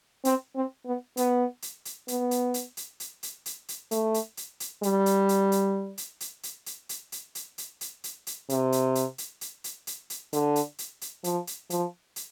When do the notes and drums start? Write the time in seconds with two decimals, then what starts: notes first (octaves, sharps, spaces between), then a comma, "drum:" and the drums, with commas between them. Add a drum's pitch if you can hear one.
0.25 C4, drum: hi-hat
0.55 C4
0.86 B3
1.17 B3, drum: hi-hat
1.62 drum: hi-hat
1.85 drum: hi-hat
2.08 B3, drum: hi-hat
2.31 drum: hi-hat
2.54 drum: hi-hat
2.77 drum: hi-hat
3.00 drum: hi-hat
3.23 drum: hi-hat
3.46 drum: hi-hat
3.69 drum: hi-hat
3.91 A3, drum: hi-hat
4.14 drum: hi-hat
4.37 drum: hi-hat
4.60 drum: hi-hat
4.83 G3, drum: hi-hat
5.06 drum: hi-hat
5.29 drum: hi-hat
5.52 drum: hi-hat
5.98 drum: hi-hat
6.20 drum: hi-hat
6.43 drum: hi-hat
6.66 drum: hi-hat
6.89 drum: hi-hat
7.12 drum: hi-hat
7.35 drum: hi-hat
7.58 drum: hi-hat
7.81 drum: hi-hat
8.04 drum: hi-hat
8.27 drum: hi-hat
8.50 C3, drum: hi-hat
8.72 drum: hi-hat
8.95 drum: hi-hat
9.18 drum: hi-hat
9.41 drum: hi-hat
9.64 drum: hi-hat
9.87 drum: hi-hat
10.10 drum: hi-hat
10.33 D3, drum: hi-hat
10.56 drum: hi-hat
10.79 drum: hi-hat
11.01 drum: hi-hat
11.24 F3, drum: hi-hat
11.47 drum: hi-hat
11.70 F3, drum: hi-hat
12.16 drum: hi-hat